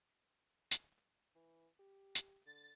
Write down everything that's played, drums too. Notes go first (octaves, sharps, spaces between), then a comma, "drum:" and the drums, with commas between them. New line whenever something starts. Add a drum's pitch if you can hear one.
drum: hi-hat
E3
G4
drum: hi-hat
D3 A6